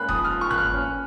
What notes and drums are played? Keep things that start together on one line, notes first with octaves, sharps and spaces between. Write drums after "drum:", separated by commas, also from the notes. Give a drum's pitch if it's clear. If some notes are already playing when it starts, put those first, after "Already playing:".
Already playing: G#2 A#3 C#4 B5 F#6
F3 D#6, drum: kick D#1
F6
F3
C#6
A#3 F#6, drum: tom G1
F6
C#4